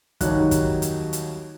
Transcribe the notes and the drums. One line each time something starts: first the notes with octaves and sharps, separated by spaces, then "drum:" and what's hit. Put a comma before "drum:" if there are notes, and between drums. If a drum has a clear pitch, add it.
D#2 F#3 G3 D#4 C#5 F#6, drum: kick, hi-hat
drum: kick, hi-hat
drum: hi-hat
drum: hi-hat